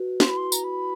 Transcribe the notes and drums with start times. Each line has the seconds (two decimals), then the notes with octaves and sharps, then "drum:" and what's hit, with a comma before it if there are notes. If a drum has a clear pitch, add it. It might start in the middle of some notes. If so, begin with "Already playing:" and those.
Already playing: F#4 B4
0.20 E4 C6, drum: snare
0.29 B5
0.37 C6
0.52 A#5, drum: tambourine
0.64 B5